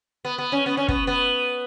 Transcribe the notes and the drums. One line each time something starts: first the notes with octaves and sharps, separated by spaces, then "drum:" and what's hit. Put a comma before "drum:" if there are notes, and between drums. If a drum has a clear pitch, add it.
B3
B3
C#4
B3
C#4
B3, drum: kick
B3